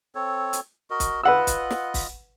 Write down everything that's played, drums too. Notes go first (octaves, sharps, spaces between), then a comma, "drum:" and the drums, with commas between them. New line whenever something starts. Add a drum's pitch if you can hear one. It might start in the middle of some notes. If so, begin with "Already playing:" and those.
C4 A4 C#5
drum: hi-hat
F#4 A#4 D#5
drum: kick, hi-hat
F4 B4 D#5 F#5 E6
drum: kick, hi-hat
drum: snare
drum: kick, open hi-hat